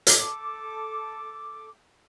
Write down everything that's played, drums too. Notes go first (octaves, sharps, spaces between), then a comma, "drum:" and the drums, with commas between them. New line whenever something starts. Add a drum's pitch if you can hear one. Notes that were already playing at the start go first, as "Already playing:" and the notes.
A4 D6, drum: hi-hat